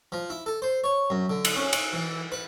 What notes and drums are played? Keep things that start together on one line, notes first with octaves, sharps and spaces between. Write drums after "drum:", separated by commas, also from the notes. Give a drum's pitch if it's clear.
F3
E4
A4
C5
C#5
F#2
D3
drum: cymbal
C#4
G#5, drum: cymbal
E3
B4